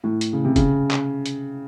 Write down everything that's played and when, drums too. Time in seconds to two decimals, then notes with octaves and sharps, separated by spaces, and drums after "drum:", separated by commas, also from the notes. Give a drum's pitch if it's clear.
0.04 A2
0.21 drum: hi-hat
0.33 C#3
0.45 C3
0.56 C#3, drum: kick, hi-hat
0.91 drum: clap
1.26 drum: hi-hat